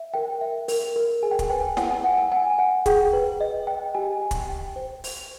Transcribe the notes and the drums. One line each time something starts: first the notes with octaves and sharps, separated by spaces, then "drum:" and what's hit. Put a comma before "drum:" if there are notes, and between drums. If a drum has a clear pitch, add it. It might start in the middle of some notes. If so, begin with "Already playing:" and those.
Already playing: E5
A#4 G5
E5
A#4, drum: open hi-hat
A#4
G#4 G#5
G5
G#5, drum: kick, hi-hat
B4 G5
F#5 G#5, drum: snare
G#5
F#5
G#5
F#5 G#5
F#5
G#4 G5, drum: kick, hi-hat
B4
D#5
G5
G4 G#5
G5
drum: kick, hi-hat
G5
C5
C5, drum: open hi-hat